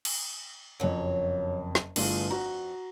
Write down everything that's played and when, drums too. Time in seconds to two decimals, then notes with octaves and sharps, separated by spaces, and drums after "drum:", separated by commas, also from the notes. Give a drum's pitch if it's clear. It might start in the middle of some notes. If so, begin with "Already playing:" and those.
0.05 drum: cymbal
0.80 F#1 F2 F#3 C#5
1.75 drum: snare
1.96 G1 E3 A3 F4 G#4, drum: cymbal
2.31 F2 F#4 A#5